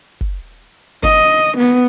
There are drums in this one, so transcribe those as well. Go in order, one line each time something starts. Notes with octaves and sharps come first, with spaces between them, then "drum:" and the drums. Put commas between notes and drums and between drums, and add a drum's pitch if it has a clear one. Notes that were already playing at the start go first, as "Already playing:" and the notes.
drum: kick
D#5, drum: kick
B3